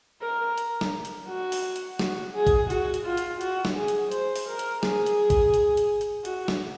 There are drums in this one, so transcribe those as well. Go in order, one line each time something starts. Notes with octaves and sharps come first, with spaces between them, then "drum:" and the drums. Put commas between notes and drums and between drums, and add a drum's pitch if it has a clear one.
A#4
drum: hi-hat
drum: snare
drum: hi-hat
F#4
drum: open hi-hat
drum: hi-hat
F#4, drum: snare
G#4
drum: kick A#1, hi-hat
F#4, drum: hi-hat
drum: hi-hat
F4
drum: hi-hat
F#4, drum: hi-hat
drum: snare
G#4
drum: hi-hat
C5, drum: hi-hat
drum: open hi-hat
A#4
drum: hi-hat
G#4, drum: snare
drum: hi-hat
drum: kick A#1, hi-hat
drum: hi-hat
drum: hi-hat
drum: hi-hat
F#4, drum: hi-hat
drum: snare